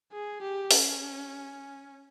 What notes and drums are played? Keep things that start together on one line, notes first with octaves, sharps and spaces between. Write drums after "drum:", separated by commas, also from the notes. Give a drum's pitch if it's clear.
G#4
G4
C#4, drum: open hi-hat